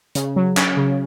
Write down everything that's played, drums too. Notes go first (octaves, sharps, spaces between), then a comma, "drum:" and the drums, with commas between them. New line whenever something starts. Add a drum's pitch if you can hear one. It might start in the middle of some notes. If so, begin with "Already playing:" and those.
C#3, drum: hi-hat
F#3
C#4, drum: clap
C#3